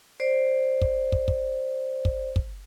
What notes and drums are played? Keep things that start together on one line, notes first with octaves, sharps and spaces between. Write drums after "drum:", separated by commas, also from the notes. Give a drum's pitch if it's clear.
C5 D5
drum: kick
drum: kick
drum: kick
drum: kick
drum: kick